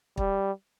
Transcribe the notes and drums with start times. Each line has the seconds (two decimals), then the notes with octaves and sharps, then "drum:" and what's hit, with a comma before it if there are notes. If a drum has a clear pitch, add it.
0.17 G3, drum: kick